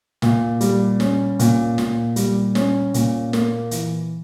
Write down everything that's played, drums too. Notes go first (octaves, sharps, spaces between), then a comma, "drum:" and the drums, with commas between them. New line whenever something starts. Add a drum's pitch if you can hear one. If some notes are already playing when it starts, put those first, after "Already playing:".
A#2, drum: snare
G3, drum: hi-hat
C#4, drum: snare
A#2, drum: hi-hat
A#2, drum: snare
G3, drum: hi-hat
C#4, drum: snare
A#2, drum: hi-hat
A#3, drum: snare
E3, drum: hi-hat